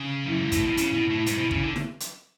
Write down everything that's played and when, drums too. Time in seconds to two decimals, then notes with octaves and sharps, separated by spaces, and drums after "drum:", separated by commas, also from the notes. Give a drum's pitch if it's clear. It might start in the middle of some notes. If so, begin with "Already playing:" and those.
Already playing: C#3
0.26 F#2 E4
0.38 G#2
0.52 A2, drum: kick, hi-hat
0.64 B2
0.77 C#3, drum: hi-hat
0.93 B2
1.10 A2
1.26 G#2, drum: hi-hat
1.38 B2
1.51 C#3, drum: kick
1.63 D3
1.76 drum: snare E4
2.00 drum: hi-hat